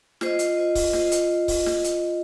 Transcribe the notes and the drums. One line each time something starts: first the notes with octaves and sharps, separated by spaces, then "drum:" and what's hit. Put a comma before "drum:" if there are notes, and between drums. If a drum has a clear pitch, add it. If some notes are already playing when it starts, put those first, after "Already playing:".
F4 C5 D#5, drum: snare
drum: hi-hat
F4 C5 D#5
drum: kick C#1, open hi-hat
F4 C5 D#5, drum: snare
drum: hi-hat
drum: kick C#1, open hi-hat
drum: snare
drum: hi-hat